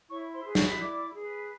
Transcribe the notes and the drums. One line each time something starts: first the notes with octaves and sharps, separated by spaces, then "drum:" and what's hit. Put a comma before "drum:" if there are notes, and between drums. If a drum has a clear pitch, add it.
E4 C#5 C#6
C5 C6
G#4 B4
C#5 C#6, drum: snare
E4 D5 D6
G#4 B4